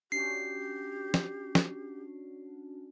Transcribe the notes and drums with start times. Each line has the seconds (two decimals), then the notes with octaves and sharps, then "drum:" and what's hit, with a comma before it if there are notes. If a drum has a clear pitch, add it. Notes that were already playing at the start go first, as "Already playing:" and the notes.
0.12 C#4 D4 F#4 G4 C7
1.14 drum: snare
1.55 drum: snare